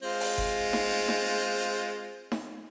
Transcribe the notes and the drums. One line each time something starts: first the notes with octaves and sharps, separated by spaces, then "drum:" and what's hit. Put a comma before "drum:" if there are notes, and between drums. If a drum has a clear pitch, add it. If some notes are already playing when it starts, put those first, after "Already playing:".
G#3 C4 F4
drum: open hi-hat
drum: kick F#1
drum: snare D#4
drum: hi-hat
drum: snare D#4
drum: hi-hat
drum: hi-hat
drum: snare D#4